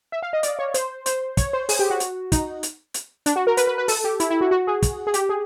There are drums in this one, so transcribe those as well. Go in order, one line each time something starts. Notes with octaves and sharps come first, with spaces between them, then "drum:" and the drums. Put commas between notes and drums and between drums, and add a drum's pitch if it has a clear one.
E5
F5
D#5
D5, drum: hi-hat
C#5
C5, drum: hi-hat
C5, drum: hi-hat
C#5, drum: kick, hi-hat
C5
G#4, drum: open hi-hat
G4
F#4
drum: hi-hat
D#4, drum: kick, hi-hat
drum: hi-hat
drum: hi-hat
D4, drum: hi-hat
F#4
A#4
B4, drum: hi-hat
B4
B4
A4, drum: open hi-hat
G4
E4, drum: hi-hat
E4
F#4
F#4
G#4
drum: kick, hi-hat
G#4
G4, drum: hi-hat
G#4